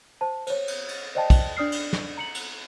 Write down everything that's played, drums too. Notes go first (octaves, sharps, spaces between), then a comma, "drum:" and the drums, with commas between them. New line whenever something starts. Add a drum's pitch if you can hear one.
C5 A5
C5 C#5, drum: cymbal
drum: cymbal
drum: cymbal
C5 D5 D#5 G5 A5
drum: kick, cymbal
D4 D5 D#6 F6 C7
drum: cymbal
drum: snare
A#5 C#7 F#7
drum: cymbal